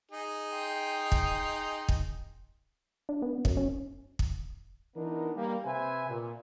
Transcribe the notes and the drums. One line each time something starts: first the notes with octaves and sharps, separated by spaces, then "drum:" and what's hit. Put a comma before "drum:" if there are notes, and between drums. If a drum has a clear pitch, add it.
D#4 G#4
G5 C6
drum: kick
drum: kick
D4
B3
F#2, drum: kick
C#4
drum: kick
E3 B3 D4 D#4 A#4
G3 A#3
C3 B4 C5 E5 G#5
A#2